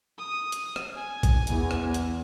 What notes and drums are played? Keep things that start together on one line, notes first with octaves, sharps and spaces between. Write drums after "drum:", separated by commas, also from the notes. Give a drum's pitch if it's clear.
D#6
drum: hi-hat
drum: rim click
G#5
drum: kick A#1, hi-hat
E2, drum: hi-hat
drum: rim click
drum: hi-hat